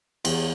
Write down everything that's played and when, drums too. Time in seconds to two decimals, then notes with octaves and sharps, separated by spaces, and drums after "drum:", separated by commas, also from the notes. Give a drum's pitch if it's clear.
0.25 E2, drum: cymbal